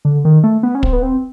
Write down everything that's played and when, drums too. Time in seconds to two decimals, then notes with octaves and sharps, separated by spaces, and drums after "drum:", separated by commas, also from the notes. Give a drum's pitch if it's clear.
0.05 D3
0.25 D#3
0.44 A3
0.63 B3
0.75 C#4
0.83 C4, drum: kick
0.93 B3
1.03 C4